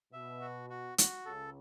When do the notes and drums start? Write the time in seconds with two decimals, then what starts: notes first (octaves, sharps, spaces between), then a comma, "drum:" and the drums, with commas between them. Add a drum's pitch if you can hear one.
0.13 B2 E5
0.41 F#4
0.70 F#4
0.98 F#4, drum: hi-hat
1.26 C#2 C#3 A4